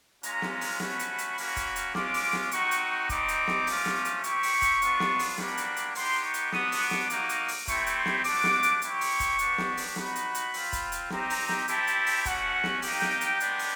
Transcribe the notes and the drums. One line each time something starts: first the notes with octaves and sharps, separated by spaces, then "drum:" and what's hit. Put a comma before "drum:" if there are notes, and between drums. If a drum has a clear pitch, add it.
G#3 C#4 F4 A#5, drum: hi-hat
drum: snare
A#5
drum: open hi-hat
A3 C#4 F#4 B5, drum: snare
drum: hi-hat
drum: hi-hat
A#3 C#4 F#4, drum: open hi-hat
drum: kick, hi-hat
drum: hi-hat
G#3 C#4 F4 D6, drum: snare
drum: open hi-hat
drum: snare
C4 D#4 F#4 C#6, drum: hi-hat
drum: hi-hat
C#6
G3 C4 D#4 D6, drum: kick, hi-hat
drum: hi-hat
drum: snare
A3 C#4 F4, drum: open hi-hat
drum: snare
drum: hi-hat
C4 E4 G4 C#6, drum: hi-hat
drum: open hi-hat
drum: kick, hi-hat
B3 D4 F4, drum: hi-hat
drum: snare
drum: open hi-hat
G3 A#3 D4 F#4 B5, drum: snare
drum: hi-hat
drum: hi-hat
B3 D#4 G4 C6, drum: open hi-hat
C#6
drum: hi-hat
B3 D4 F#4 D#6, drum: snare
drum: open hi-hat
D6
drum: snare
A#3 D#4 F#4, drum: hi-hat
drum: hi-hat
drum: open hi-hat
A3 C4 E4 G4 C#6, drum: kick, hi-hat
drum: hi-hat
C6
drum: snare
A3 D4 F#4 D6, drum: open hi-hat
drum: snare
drum: hi-hat
C4 E4 G4 C#6, drum: hi-hat
drum: open hi-hat
drum: kick, hi-hat
B3 D4 G4, drum: hi-hat
drum: snare
drum: open hi-hat
B3 D#4 F#4 B5, drum: snare
drum: hi-hat
drum: hi-hat
C4 F4, drum: open hi-hat
drum: kick, hi-hat
drum: hi-hat
C4 D#4 G4 A#5, drum: snare
drum: open hi-hat
drum: snare
C4 E4 G4 A5, drum: hi-hat
drum: hi-hat
drum: open hi-hat
A3 C#4 F#4 F#5, drum: kick, hi-hat
drum: snare
A#3 D#4 G4 G5, drum: open hi-hat
drum: snare
drum: hi-hat
G#3 B3 D4, drum: hi-hat
drum: open hi-hat